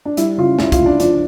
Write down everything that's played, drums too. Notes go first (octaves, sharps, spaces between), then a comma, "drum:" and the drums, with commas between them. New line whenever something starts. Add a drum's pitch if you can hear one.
D4
G3 E4, drum: hi-hat
C#3 F4
C#2 E4, drum: snare
F4, drum: kick, hi-hat
C#2
D4
F3 D4, drum: hi-hat